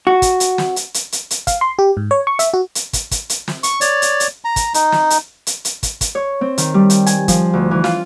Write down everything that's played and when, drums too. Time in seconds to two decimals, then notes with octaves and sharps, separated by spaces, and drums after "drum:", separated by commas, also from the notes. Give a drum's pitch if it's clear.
0.07 F#4
0.22 drum: kick, hi-hat
0.40 drum: hi-hat
0.58 drum: snare
0.76 drum: hi-hat
0.94 drum: hi-hat
1.12 drum: hi-hat
1.31 drum: hi-hat
1.47 F5, drum: kick, hi-hat
1.61 C6
1.79 G4
1.97 G#2
2.11 C#5
2.27 C#6
2.39 E5, drum: hi-hat
2.54 F#4
2.75 drum: hi-hat
2.93 drum: kick, hi-hat
3.11 drum: kick, hi-hat
3.30 drum: hi-hat
3.48 drum: snare
3.63 C#6, drum: hi-hat
3.81 C#5 D5, drum: hi-hat
4.02 drum: hi-hat
4.20 drum: hi-hat
4.45 A#5
4.56 drum: kick, hi-hat
4.74 D#4, drum: hi-hat
4.92 drum: snare
5.10 drum: hi-hat
5.47 drum: hi-hat
5.65 drum: hi-hat
5.83 drum: kick, hi-hat
6.01 drum: kick, hi-hat
6.15 C#5
6.41 C4
6.58 D#3, drum: hi-hat
6.74 G3
6.90 G5, drum: hi-hat
7.06 G#5, drum: hi-hat
7.28 F3, drum: kick, hi-hat
7.53 D2
7.71 E3
7.84 F4, drum: snare